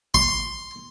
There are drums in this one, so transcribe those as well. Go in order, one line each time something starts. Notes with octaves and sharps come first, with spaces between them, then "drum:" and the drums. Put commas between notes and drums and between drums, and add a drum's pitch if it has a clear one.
C6, drum: kick